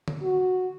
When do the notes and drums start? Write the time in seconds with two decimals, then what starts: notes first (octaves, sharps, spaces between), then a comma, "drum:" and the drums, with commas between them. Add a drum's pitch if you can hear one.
0.08 drum: tom D3
0.23 F#4